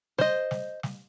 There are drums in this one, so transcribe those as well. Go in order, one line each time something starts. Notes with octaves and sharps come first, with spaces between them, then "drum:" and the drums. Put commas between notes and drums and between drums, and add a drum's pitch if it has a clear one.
C5 D#5, drum: snare
drum: snare
drum: snare